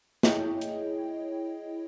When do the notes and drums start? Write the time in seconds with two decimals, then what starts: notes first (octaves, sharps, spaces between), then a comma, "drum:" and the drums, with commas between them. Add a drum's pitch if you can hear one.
0.23 E4 G#4 C#5 D#5 G5, drum: snare
0.61 drum: hi-hat